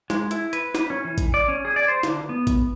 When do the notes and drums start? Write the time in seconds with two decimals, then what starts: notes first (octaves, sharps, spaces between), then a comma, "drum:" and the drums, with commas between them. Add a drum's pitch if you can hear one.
0.10 G#3, drum: snare
0.31 E4, drum: hi-hat
0.53 B4, drum: hi-hat
0.75 drum: snare
0.90 C#4
1.05 E3
1.18 drum: kick, hi-hat
1.34 D5
1.48 C#4
1.65 G#4
1.76 D5
1.88 C5
2.03 D3, drum: snare
2.29 B3
2.47 drum: kick, hi-hat